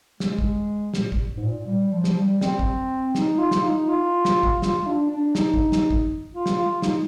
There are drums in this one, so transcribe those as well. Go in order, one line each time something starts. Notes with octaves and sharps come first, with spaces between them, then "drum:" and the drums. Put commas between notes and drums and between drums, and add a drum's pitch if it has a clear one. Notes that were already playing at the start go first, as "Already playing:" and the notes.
G#3, drum: snare
drum: kick
A#2, drum: snare
drum: kick
G#2
A#2
G3
F3
drum: snare
G3
C4, drum: snare
drum: kick
D#4, drum: snare
F4
drum: snare
D#4
F4
drum: snare
drum: kick
F4, drum: snare
D4
D4
D#4, drum: snare
drum: kick
drum: snare
drum: kick
F4
drum: snare
F4
D#4, drum: snare